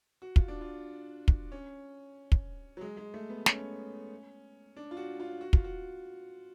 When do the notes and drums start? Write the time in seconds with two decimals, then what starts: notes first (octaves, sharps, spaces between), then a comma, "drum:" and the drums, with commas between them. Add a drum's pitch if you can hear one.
0.22 F#4
0.36 F4, drum: kick
0.48 D4
0.61 F4
1.28 drum: kick
1.52 C#4
2.32 drum: kick
2.77 F#3
2.81 G#3
2.97 G#3
3.14 A3
3.30 B3
3.46 C#4, drum: snare
4.76 D4
4.91 F4
4.97 F#4
5.20 F4
5.41 F#4
5.53 F4, drum: kick
5.64 F#4